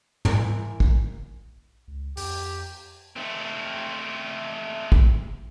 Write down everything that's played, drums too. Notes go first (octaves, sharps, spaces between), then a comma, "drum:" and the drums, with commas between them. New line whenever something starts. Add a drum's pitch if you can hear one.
E3 G#3 A#4, drum: tom
drum: kick
C#2
F2 G4, drum: open hi-hat
A3 C4
drum: kick